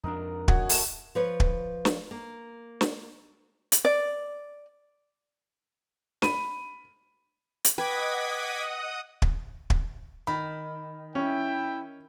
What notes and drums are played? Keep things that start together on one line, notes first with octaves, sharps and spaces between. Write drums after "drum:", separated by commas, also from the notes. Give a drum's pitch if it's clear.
F2 D4 D#4 A#4 F#5
F#4 C#5 D#5 G#5, drum: kick
A3, drum: open hi-hat
F3 B4 C#5
drum: kick
drum: snare
A#3
drum: snare
drum: hi-hat
D5
B5 D#7, drum: snare
drum: hi-hat
B4 D#5 F#5 G5 D6 D#6 G#6 B6
drum: kick
drum: kick
D#3 B5
C#4 E4 G5